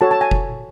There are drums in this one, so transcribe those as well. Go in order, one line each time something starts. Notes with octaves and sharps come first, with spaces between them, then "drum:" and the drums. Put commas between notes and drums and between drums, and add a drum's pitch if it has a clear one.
F#4 A4 C#5 A5
A5
G#5
drum: kick F1